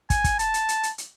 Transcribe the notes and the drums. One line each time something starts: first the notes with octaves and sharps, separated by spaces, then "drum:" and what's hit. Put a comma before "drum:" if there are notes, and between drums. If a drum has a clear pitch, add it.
G#5, drum: kick, hi-hat
drum: kick, hi-hat
A5, drum: hi-hat
drum: hi-hat
drum: hi-hat
drum: hi-hat
drum: hi-hat